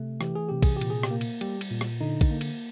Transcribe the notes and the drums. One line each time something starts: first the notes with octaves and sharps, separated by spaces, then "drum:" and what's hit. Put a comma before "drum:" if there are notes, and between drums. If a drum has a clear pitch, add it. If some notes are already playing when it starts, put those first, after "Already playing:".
Already playing: C3 A3
E3 G4, drum: rim click
G#4
C3 G4
G#4, drum: kick, cymbal
G4
A#2, drum: cymbal
G#4
G4, drum: rim click
A#3
drum: cymbal
G3 G4, drum: cymbal
drum: cymbal
A#2
drum: rim click
D3 D#4
drum: kick, cymbal
A#3
drum: cymbal